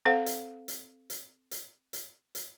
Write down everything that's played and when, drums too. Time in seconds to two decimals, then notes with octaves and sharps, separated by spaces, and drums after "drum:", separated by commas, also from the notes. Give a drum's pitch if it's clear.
0.05 C4 A4 C5 F5 F#5
0.26 drum: hi-hat
0.68 drum: hi-hat
1.10 drum: hi-hat
1.51 drum: hi-hat
1.93 drum: hi-hat
2.35 drum: hi-hat